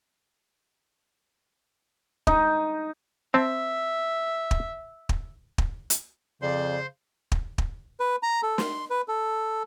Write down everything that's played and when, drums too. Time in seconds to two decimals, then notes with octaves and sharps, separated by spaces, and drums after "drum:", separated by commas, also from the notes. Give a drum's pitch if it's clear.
2.27 D#4, drum: kick
3.34 C4 E5 A5
4.51 drum: kick
5.09 drum: kick
5.58 drum: kick
5.90 drum: hi-hat
6.42 F2 C#3 C5 D5 C6
7.32 drum: kick
7.58 drum: kick
8.00 B4
8.23 A#5
8.43 A4
8.58 C6, drum: snare
8.90 B4
9.08 A4